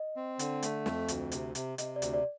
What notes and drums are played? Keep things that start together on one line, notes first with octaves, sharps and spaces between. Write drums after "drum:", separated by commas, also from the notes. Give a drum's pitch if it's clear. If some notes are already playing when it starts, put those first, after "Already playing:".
Already playing: D#5
C4
D3, drum: hi-hat
A3, drum: hi-hat
F2, drum: snare
D2, drum: hi-hat
C3, drum: hi-hat
C3, drum: hi-hat
C3 D#5, drum: hi-hat
D5
D2, drum: hi-hat
D5